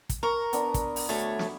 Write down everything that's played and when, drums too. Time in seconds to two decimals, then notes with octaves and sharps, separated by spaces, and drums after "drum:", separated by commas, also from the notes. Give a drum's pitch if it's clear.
0.09 drum: kick, hi-hat
0.23 A#4 A#5 C#6
0.53 B3 D4, drum: hi-hat
0.74 drum: kick, hi-hat
0.96 drum: open hi-hat
1.09 D2 A3 C#5
1.39 drum: snare